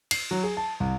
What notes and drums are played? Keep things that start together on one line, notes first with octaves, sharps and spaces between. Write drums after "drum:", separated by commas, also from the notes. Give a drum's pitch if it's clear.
C7, drum: cymbal
F#3
G#4
A5
C2